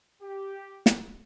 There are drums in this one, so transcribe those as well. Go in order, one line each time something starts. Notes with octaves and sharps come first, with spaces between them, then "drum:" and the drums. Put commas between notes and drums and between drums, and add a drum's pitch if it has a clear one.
G4
drum: snare